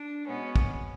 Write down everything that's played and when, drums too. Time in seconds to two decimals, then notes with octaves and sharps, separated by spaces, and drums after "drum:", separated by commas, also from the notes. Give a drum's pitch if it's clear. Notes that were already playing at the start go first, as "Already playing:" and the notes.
Already playing: D4
0.26 B2 G#3 B3 C#4
0.56 drum: kick